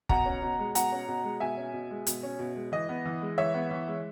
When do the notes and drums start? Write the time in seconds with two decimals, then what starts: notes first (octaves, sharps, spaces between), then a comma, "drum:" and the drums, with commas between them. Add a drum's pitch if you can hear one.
0.09 B2 F#5 A#5, drum: kick
0.26 C#4
0.42 B2
0.59 G#3
0.75 B2 F#5 A#5, drum: hi-hat
0.92 C#4
1.08 B2
1.24 G#3
1.40 B2 E5 G#5
1.57 C#4
1.73 B2
1.91 G#3
2.07 B2, drum: hi-hat
2.23 C#4
2.39 B2
2.56 G#3
2.72 E3 D#5
2.89 B3
3.05 E3
3.22 G#3
3.38 E3 C#5 E5
3.54 B3
3.71 E3
3.87 G#3